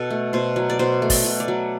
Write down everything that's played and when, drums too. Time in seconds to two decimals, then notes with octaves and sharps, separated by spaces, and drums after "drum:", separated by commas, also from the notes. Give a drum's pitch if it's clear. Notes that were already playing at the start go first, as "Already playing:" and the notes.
Already playing: B2 A4
0.10 A3
0.33 B2 C5
0.56 F#3
0.70 D5
0.79 B2 C5
1.02 A3
1.10 D5, drum: kick, open hi-hat
1.24 B2
1.40 D5
1.48 F#3